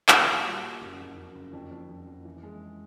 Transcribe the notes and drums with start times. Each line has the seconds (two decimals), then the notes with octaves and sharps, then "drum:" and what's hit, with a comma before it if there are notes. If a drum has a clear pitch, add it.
0.08 G3 G#4, drum: clap
0.26 A#2
0.35 F4
0.44 G3 F#4
0.63 A#2
0.81 F#1 F#4
0.99 F2
1.17 F#1
1.35 F#1
1.53 F2
1.71 F2
1.89 F2
2.07 F2
2.25 E3
2.43 G#3